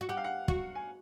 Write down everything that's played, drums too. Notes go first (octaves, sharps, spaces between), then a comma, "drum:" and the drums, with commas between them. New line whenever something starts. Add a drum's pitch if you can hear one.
F#4
G4 F#5
F5
F#5
F#4, drum: kick
G#5